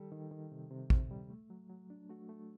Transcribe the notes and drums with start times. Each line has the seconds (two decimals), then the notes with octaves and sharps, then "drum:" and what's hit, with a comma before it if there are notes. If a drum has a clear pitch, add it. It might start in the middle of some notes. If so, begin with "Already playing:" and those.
Already playing: D#3 G3 G4 A4
0.11 D#3
0.31 D#3
0.52 C3
0.71 C3
0.90 C3, drum: kick
1.11 G3
1.30 A3
1.50 F#3
1.70 F#3
1.90 D4
2.10 A3 F#4
2.29 A3